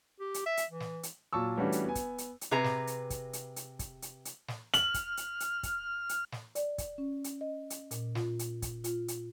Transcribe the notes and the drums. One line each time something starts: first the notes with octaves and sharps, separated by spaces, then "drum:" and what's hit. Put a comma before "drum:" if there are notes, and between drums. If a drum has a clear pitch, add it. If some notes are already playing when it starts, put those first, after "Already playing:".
G4
drum: hi-hat
E5
drum: hi-hat
E3
drum: snare
drum: hi-hat
A#2 F#3 A5 C#6 E6
E3 G3 A3 C#4 D4 F#4
drum: hi-hat
B3 G#5
drum: kick, hi-hat
drum: hi-hat
drum: hi-hat
C3 G#4 B4 A#5
drum: snare
drum: hi-hat
drum: kick, hi-hat
drum: hi-hat
drum: hi-hat
drum: kick, hi-hat
drum: hi-hat
drum: hi-hat
drum: snare
F6 F#7, drum: hi-hat
drum: kick, hi-hat
drum: hi-hat
drum: hi-hat
drum: kick, hi-hat
drum: hi-hat
drum: snare
D5, drum: hi-hat
drum: kick, hi-hat
C#4
drum: hi-hat
D#5
drum: hi-hat
A#2, drum: hi-hat
F4, drum: snare
drum: hi-hat
drum: kick, hi-hat
F4, drum: hi-hat
drum: hi-hat